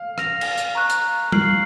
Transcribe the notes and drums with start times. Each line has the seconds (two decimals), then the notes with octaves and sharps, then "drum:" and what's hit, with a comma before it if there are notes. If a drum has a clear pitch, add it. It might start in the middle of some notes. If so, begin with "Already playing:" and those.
Already playing: F5
0.18 F6 A#6 F7, drum: rim click
0.41 drum: cymbal
0.58 drum: hi-hat
0.75 A#5 C#6 F#6
0.90 drum: hi-hat
1.32 F6 C7 F#7, drum: tom